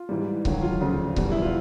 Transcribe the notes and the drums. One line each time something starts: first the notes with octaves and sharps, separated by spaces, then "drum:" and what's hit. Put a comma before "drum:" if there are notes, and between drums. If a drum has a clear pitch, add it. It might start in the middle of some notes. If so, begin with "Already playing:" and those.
Already playing: F4
G#2 E3 G3
D#2 D3 F#3, drum: kick C#1
F4
D2 C#3 F3
E2 B2 G3, drum: kick C#1
E4
F4